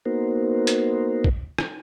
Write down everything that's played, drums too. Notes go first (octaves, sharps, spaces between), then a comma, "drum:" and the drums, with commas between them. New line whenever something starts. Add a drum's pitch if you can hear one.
A#3 B3 D#4 F#4 A#4 C5
drum: hi-hat
drum: kick
drum: rim click